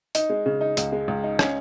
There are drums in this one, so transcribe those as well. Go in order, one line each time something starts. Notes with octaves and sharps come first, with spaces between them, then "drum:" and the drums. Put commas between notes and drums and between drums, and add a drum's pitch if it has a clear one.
D#4, drum: hi-hat
G#3
C#3
D#4
C#2, drum: hi-hat
G#3
C#2
D#4
C#4, drum: rim click